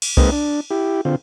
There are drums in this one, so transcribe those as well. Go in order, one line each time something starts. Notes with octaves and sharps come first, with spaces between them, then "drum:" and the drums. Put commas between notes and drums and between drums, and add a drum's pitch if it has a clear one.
drum: cymbal
G#3 A#3 C4 D#4 B4 D#5, drum: kick C2
D4
E4 G4
D3 C4 F4